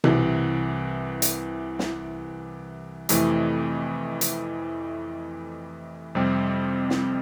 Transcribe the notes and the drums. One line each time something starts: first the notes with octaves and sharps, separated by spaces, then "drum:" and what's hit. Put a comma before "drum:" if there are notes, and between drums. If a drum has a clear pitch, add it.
C2 C3 E3, drum: tom B2
drum: hi-hat
drum: snare
F2 C3 E3 A3, drum: hi-hat
drum: hi-hat
F2 C3 G3 C4
drum: snare